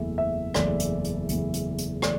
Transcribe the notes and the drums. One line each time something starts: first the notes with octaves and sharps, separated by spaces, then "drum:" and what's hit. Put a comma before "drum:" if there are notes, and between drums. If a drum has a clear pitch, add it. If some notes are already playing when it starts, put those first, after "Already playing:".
Already playing: F#1 E2 E3 A3 E5
E5
F#1 E2 E3 A3 D5, drum: rim click
drum: hi-hat
drum: hi-hat
F#1 E2 E3 A3, drum: hi-hat
drum: hi-hat
drum: hi-hat
E3 A3 D5, drum: rim click